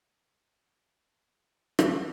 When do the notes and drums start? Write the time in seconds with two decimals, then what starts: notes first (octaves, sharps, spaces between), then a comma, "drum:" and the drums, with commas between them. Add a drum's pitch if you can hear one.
0.21 G2 C#4 G6
0.99 E7
1.45 A#3 C4 E4 A#4 B4
1.79 drum: rim click